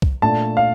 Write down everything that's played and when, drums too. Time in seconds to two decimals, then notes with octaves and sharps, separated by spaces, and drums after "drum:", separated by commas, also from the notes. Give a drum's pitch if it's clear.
0.02 drum: kick C2
0.22 A#2 A3 D4 A5
0.57 F5